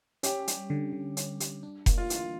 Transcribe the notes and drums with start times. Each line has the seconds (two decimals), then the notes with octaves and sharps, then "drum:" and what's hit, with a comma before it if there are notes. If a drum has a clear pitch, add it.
0.23 C#4 G4, drum: hi-hat
0.48 G3, drum: hi-hat
0.70 D3
0.93 D3
1.17 C#4, drum: hi-hat
1.40 G3, drum: hi-hat
1.63 D4
1.86 A#3, drum: kick F1, hi-hat
1.98 F4
2.10 E3, drum: hi-hat
2.16 F4